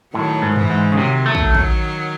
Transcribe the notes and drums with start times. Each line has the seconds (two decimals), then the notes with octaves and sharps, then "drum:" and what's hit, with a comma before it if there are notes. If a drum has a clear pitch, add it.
0.14 A2 D#3 F#3
0.42 G#2
0.56 E3 G#3, drum: tom F#2
0.70 G#2
0.92 C#3
0.97 C3 D#3 F#3
1.26 A3
1.35 drum: kick
1.55 drum: kick